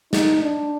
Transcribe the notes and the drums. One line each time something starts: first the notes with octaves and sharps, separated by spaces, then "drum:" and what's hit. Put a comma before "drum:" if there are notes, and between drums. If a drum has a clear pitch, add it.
D#4, drum: snare
D4